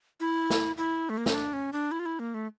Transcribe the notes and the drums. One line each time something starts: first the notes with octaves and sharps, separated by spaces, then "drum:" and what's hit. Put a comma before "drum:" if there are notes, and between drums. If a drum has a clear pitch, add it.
E4
drum: snare
E4
A3
A#3
C#4, drum: snare
D4
C#4
D4
E4
F4
E4
A#3
A3